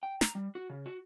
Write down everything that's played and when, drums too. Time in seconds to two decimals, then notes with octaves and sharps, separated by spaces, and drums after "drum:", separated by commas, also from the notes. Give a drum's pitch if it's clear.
0.03 G5
0.21 A#5, drum: snare
0.35 G3
0.55 F#4
0.70 C#3
0.86 F#4